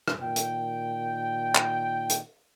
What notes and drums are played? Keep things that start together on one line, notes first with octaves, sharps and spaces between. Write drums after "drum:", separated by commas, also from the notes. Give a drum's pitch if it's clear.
drum: rim click
A#2 D#3 G5
drum: hi-hat
drum: clap
drum: hi-hat